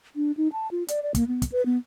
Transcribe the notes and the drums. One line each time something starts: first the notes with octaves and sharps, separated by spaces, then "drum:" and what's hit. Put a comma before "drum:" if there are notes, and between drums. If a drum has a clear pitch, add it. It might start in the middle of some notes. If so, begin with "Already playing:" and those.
D4
D#4
A5
F4
D5, drum: hi-hat
D5
A#3, drum: kick, hi-hat
B3
drum: kick, hi-hat
B4
B3